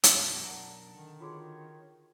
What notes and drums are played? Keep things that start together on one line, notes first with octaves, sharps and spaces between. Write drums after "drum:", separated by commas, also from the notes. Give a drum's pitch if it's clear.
F#2 B2, drum: hi-hat
B1 D4 A#4 F#5 A5
D3 D#3
F4 F#4 G#4 C#5